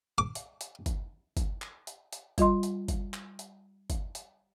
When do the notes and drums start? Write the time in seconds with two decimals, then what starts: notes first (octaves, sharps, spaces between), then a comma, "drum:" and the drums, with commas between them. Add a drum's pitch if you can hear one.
0.18 D6
0.35 drum: hi-hat
0.61 drum: hi-hat
0.86 drum: kick G1, hi-hat
1.37 drum: kick G1, hi-hat
1.62 drum: clap
1.87 drum: hi-hat
2.13 drum: hi-hat
2.38 G3 F4 D#5 C6, drum: kick G1, hi-hat
2.63 drum: hi-hat
2.88 drum: kick G1, hi-hat
3.14 drum: clap
3.39 drum: hi-hat
3.90 drum: kick G1, hi-hat
4.15 drum: hi-hat